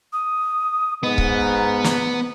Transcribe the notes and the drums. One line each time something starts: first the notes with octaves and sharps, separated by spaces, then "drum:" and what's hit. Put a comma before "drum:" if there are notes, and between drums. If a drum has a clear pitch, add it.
D#6
G#2 B3 D#5
drum: kick C#1
A#5
drum: snare